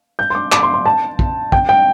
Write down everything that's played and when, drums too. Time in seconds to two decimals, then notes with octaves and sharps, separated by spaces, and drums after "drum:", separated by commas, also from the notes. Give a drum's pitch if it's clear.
0.19 G6
0.30 C6
0.35 D6
0.52 D6, drum: clap
0.63 C6
0.74 C6
0.86 A5
1.19 drum: kick
1.52 G5, drum: kick
1.69 G5